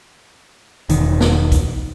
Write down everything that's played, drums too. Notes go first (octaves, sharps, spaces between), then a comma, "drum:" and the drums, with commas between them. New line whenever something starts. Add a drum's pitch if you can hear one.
E1 D#3, drum: hi-hat
drum: snare
drum: kick, hi-hat